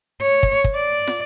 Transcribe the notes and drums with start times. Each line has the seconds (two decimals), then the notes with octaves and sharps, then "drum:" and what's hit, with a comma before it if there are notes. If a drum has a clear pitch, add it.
0.21 C#5
0.43 drum: kick
0.64 drum: kick
0.74 D5
1.07 drum: snare